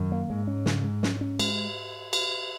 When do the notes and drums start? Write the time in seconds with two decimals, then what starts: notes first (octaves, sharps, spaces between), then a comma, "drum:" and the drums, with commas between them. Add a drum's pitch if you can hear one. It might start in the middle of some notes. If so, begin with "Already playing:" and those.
Already playing: F#2 D#3
0.12 A#3
0.30 G#2 G#3
0.47 C#4
0.66 C#3, drum: snare
0.84 G#3
1.03 C#4, drum: snare
1.21 C#4
1.39 G#3, drum: cymbal
2.13 drum: cymbal